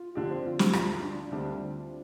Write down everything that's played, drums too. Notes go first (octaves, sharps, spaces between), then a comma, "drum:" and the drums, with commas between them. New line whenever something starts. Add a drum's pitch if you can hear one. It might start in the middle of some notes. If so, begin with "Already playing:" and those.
Already playing: F4
D3 F3 D4 F4 G4
C4
F4
G4, drum: snare
D2 D3 G3 D4 F4 G4, drum: rim click
D4
D2 D3 G3 C4 D4 G4